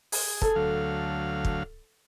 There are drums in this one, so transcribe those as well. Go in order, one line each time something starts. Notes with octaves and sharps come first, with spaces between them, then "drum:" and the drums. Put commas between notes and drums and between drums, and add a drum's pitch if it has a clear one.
G#4, drum: open hi-hat
A4, drum: kick
D2 F#3 F5
drum: kick